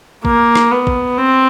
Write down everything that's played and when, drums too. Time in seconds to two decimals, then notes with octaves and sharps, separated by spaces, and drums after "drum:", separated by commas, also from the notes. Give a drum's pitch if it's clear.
0.25 A#3, drum: kick A1
0.55 drum: rim click
0.71 B3
0.87 drum: kick A1
1.18 C4